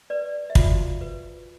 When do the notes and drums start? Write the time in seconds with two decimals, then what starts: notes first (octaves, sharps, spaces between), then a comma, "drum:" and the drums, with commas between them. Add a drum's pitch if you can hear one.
0.10 B4 D5
0.50 E5
0.55 F4 F#4 F5, drum: kick
1.01 B4